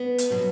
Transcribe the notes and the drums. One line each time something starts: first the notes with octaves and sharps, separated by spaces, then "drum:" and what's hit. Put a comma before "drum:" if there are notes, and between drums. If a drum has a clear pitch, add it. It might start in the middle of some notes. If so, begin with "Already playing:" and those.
Already playing: B3
drum: hi-hat
B2 F#3